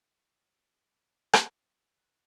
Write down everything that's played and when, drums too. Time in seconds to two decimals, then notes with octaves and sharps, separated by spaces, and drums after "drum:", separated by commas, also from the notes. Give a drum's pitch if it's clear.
0.19 C#6
0.53 D7
0.86 D6
1.33 drum: rim click
1.51 E6
1.98 F#6